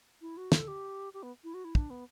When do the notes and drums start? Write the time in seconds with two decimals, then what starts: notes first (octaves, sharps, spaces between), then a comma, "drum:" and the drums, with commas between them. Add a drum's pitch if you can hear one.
0.22 E4
0.37 F#4
0.52 A4, drum: snare
0.68 G4
1.14 G4
1.23 B3
1.44 E4
1.54 F#4
1.65 E4
1.75 D4, drum: kick
1.90 B3